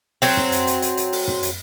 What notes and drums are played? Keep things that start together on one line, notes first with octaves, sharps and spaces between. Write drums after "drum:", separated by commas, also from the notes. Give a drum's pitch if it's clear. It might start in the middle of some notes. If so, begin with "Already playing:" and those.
F#3 C4, drum: open hi-hat
drum: tom
drum: hi-hat
drum: hi-hat
drum: hi-hat
drum: hi-hat
drum: open hi-hat
drum: tom
drum: hi-hat